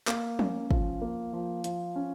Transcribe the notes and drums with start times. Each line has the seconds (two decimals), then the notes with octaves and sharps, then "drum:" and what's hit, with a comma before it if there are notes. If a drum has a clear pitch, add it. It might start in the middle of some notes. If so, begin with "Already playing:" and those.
0.07 A#3, drum: clap
0.39 C#4, drum: tom F3
0.71 F3, drum: kick
1.02 A#3
1.33 F3
1.64 F3, drum: hi-hat
1.96 C#4